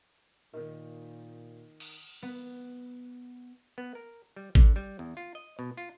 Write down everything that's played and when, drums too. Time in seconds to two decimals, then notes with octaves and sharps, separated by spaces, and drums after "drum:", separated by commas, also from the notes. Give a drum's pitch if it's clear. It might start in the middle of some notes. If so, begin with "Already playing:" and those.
0.54 A#2 D#3 D#4 A#4
1.80 drum: cymbal
2.22 B3
3.78 B3
3.95 A#4
4.36 G3
4.55 D3, drum: kick G#1
4.76 G3
4.99 E2
5.17 F4
5.35 D#5
5.59 B2
5.77 F4